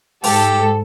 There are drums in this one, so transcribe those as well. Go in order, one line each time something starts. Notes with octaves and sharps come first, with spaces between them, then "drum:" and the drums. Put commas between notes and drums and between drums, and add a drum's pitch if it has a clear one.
G#2 G4 A4, drum: open hi-hat